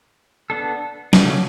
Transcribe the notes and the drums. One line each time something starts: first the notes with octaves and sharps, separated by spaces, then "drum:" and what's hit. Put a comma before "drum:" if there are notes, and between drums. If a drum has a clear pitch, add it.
B3 D4 A4
C#3 F#3 A3 C#4, drum: snare